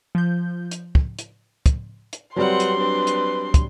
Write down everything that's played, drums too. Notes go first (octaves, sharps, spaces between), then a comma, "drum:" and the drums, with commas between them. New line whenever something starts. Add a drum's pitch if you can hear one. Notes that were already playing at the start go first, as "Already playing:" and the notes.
F3 G6
drum: hi-hat
drum: kick
drum: hi-hat
drum: kick, hi-hat
drum: hi-hat
F#3 G3 C4 B4 F#5 C6
drum: hi-hat
C4 D4 B4
drum: hi-hat
drum: kick, hi-hat